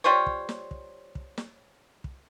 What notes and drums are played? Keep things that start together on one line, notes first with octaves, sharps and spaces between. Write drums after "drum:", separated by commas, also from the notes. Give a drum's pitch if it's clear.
G3 F4 C5 C#5
drum: kick
drum: snare
drum: kick
drum: kick
drum: snare
drum: kick